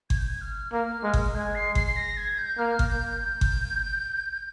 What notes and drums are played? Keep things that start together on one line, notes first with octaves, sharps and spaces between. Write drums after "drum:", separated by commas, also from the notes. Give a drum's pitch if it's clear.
G#6, drum: kick G1
G6
G#6
F6
A#3 F6
G#3
drum: kick G1
G#3 G#6
C7
C7, drum: kick G1
C7
A#6
G#6
G6
A#3 F6
drum: kick G1
G6
G6
drum: kick G1